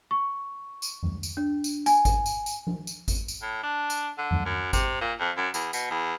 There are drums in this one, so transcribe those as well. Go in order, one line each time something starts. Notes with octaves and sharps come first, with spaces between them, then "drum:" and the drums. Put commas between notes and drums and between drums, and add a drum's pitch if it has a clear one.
C#6
drum: tambourine
drum: tom F2
drum: tambourine
D4
drum: tambourine
G#5, drum: tambourine
drum: kick G#1, tambourine
drum: tambourine
drum: tambourine
drum: tom F3
drum: tambourine
drum: kick G#1, tambourine
drum: tambourine
A2
D4
drum: tambourine
D3
drum: tom F2
F#2
C3, drum: kick G#1, tambourine
A#2
F2
F#2
E2, drum: tambourine
B2, drum: tambourine
E2